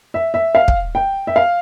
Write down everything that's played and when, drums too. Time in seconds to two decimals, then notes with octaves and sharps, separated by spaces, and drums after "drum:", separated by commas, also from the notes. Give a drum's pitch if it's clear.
0.14 E5
0.34 E5
0.55 F5
0.68 drum: kick
0.95 G5
1.27 E5
1.36 F5